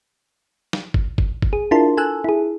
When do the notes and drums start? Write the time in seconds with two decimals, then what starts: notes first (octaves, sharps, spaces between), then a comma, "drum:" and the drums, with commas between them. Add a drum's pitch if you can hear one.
0.73 drum: snare
0.94 drum: kick G1
1.18 drum: kick G1
1.42 drum: kick G1
1.53 G#4
1.71 D4 E4 F4 A#4 A5 C6
1.97 A4 G#5 A5 E6 F#6
2.24 E4 G#4